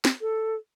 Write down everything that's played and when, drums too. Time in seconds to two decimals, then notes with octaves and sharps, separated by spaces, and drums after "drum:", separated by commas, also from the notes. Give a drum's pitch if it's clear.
0.05 drum: snare
0.21 A4